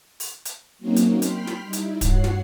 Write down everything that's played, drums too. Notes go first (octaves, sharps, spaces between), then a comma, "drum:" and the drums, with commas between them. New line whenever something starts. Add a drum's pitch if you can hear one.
drum: open hi-hat
drum: hi-hat
F#3 A#3 C4 C#4 D#4 F#4
drum: hi-hat
G5 B5 C6 F6 B6, drum: hi-hat
drum: snare
G3 D#4 E4
drum: hi-hat
G2 F#4 C#5 F#5 C7, drum: kick, hi-hat
drum: snare